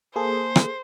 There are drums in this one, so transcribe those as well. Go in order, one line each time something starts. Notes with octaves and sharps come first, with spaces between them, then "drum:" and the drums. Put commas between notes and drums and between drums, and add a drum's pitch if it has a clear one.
A#3 G#4 A4 C5
drum: rim click